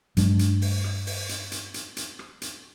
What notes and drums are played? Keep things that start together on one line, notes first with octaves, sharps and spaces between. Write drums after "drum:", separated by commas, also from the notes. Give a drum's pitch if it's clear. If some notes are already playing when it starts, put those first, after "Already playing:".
G2 F#3 G#3 D4, drum: hi-hat
drum: hi-hat
drum: open hi-hat
drum: rim click
drum: open hi-hat
drum: hi-hat
drum: hi-hat
drum: hi-hat
drum: hi-hat
drum: rim click
drum: hi-hat